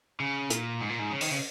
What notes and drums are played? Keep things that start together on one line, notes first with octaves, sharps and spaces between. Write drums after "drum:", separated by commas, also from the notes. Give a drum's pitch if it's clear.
C#3
A#2, drum: hi-hat
G#2
A#2
G#2
C#3
D#3, drum: open hi-hat
C#3